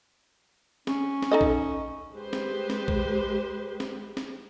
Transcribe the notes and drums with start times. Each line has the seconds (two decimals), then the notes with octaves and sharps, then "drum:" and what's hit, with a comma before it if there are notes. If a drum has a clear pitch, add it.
0.87 C#4, drum: snare
1.22 drum: snare
1.31 D#4 A4 D#5
1.41 drum: kick
2.14 G#3 G4 B4 C5
2.33 drum: snare
2.70 drum: snare
2.88 drum: kick
3.80 drum: snare
4.17 drum: snare